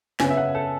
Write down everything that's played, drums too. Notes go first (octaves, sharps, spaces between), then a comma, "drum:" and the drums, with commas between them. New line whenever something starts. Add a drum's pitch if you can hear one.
C#3 F#3 B3 G#5, drum: snare
E5
F#5
A4